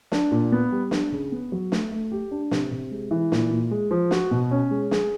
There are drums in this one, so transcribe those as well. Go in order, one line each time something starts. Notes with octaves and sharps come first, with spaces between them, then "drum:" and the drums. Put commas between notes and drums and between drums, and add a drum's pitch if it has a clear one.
D4, drum: snare
A#2
B3
G3
D4, drum: snare
C#3
B3
F#3
A3, drum: snare
A3
G4
D4
C3, drum: snare
C3
G#3
E3
A#2, drum: snare
A#2
G#3
F3
F#4, drum: snare
B2
C#4
G#3
G#4, drum: snare